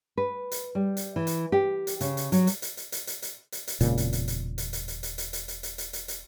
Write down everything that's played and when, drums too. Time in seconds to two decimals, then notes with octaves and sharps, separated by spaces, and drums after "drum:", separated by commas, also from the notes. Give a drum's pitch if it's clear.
0.17 B4
0.52 drum: hi-hat
0.75 G3
0.97 drum: hi-hat
1.16 E3
1.27 drum: hi-hat
1.52 G4
1.87 drum: hi-hat
2.01 C#3, drum: hi-hat
2.17 drum: hi-hat
2.32 F#3, drum: hi-hat
2.47 drum: hi-hat
2.62 drum: hi-hat
2.77 drum: hi-hat
2.92 drum: hi-hat
3.07 drum: hi-hat
3.22 drum: hi-hat
3.52 drum: hi-hat
3.67 drum: hi-hat
3.80 E1 A#2 C#3, drum: hi-hat
3.98 drum: hi-hat
4.13 drum: hi-hat
4.28 drum: hi-hat
4.58 drum: hi-hat
4.73 drum: hi-hat
4.88 drum: hi-hat
5.03 drum: hi-hat
5.18 drum: hi-hat
5.33 drum: hi-hat
5.48 drum: hi-hat
5.63 drum: hi-hat
5.78 drum: hi-hat
5.93 drum: hi-hat
6.08 drum: hi-hat